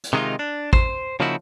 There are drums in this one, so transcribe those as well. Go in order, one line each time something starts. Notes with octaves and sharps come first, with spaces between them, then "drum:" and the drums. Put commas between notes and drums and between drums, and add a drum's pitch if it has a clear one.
drum: hi-hat
C3 D#3 G#3 B3 D#4 F4
D4
C5, drum: kick A1
C#3 F3 A#3 D#4 E4 F#4